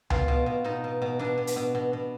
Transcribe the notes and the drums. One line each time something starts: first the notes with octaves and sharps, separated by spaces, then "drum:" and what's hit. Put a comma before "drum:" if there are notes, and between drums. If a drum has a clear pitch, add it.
B2 F4, drum: tom C#2
B2
B2
B2 D#4
B2
B2
B2 D4
B2
drum: hi-hat
B2
B2
B2